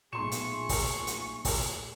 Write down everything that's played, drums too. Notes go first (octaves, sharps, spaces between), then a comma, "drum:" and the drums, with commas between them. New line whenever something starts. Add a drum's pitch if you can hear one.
B1 A#2 A3 G#4 C6 C#6 E7
drum: hi-hat
drum: kick, open hi-hat
drum: hi-hat
drum: kick, open hi-hat